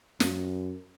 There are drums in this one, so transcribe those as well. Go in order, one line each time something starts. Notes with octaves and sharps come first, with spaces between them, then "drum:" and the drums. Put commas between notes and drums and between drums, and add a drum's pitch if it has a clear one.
F#2, drum: snare